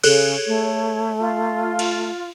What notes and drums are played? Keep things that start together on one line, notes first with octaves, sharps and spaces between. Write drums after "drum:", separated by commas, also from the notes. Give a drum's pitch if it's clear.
C#3 G#4 A4 C#5 F#6, drum: cymbal
A3
F4
drum: cymbal